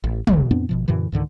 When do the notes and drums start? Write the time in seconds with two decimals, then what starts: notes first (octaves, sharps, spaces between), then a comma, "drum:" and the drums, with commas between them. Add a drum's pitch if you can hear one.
0.04 A1
0.27 F1 C2, drum: tom
0.51 F2 B3 C4 D4
0.69 G#1 B2 F3
0.88 F#2 A#2 D3 E3
1.12 C#2 G#2 D3 D#3